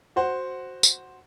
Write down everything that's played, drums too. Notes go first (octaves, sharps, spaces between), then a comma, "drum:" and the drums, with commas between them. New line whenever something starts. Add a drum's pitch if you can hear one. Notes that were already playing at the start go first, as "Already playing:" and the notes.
F#4 C5 F#5
drum: tambourine